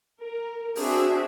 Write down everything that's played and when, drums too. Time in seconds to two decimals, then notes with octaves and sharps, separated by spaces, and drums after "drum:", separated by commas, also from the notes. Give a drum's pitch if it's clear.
0.22 A#4
0.76 C4 D4 F#4 G#4 E5, drum: open hi-hat